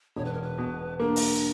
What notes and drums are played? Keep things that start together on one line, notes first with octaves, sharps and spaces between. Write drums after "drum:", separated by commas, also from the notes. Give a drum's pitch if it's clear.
E1 C#5
B4
A#4
B4
B2
A#3 D4
drum: open hi-hat